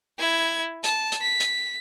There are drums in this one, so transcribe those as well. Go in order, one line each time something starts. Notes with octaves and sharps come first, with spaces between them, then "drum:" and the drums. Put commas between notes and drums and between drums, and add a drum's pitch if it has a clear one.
E4 G#6
A5, drum: hi-hat
drum: hi-hat
B6
drum: hi-hat